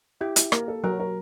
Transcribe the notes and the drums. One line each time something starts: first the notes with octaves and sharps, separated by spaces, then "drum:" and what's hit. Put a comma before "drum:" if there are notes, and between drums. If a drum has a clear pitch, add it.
E4 G4
E4, drum: hi-hat
A#3 A#4, drum: rim click
A4
F#3 A#4
A#4